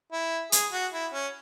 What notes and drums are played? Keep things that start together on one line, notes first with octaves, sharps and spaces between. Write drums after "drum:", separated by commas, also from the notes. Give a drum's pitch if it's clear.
E4
G#4, drum: hi-hat
F#4
E4
C#4